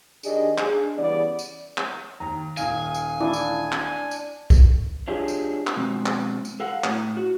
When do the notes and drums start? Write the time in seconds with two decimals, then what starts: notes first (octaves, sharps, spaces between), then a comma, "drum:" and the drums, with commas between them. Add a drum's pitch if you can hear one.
0.23 D#3 D4 G4 G#4 D#5, drum: tambourine
0.58 D4 G#4, drum: clap
0.96 C#3 E3 G3 B3 D5
1.39 drum: tambourine
1.78 drum: clap
2.20 D#2 A#5
2.57 D#1 F5 G#5, drum: tambourine
2.94 drum: tambourine
3.20 D4 E4
3.33 drum: tambourine
3.72 drum: clap
4.11 drum: tambourine
4.50 drum: kick B1, tambourine
5.08 D4 F4 G4 G#4 C#5 D#5
5.28 drum: tambourine
5.67 drum: clap
5.77 B2 G#3 C4
6.06 drum: clap
6.45 drum: tambourine
6.60 A4 F5 F#5
6.84 A2, drum: clap
7.17 F#4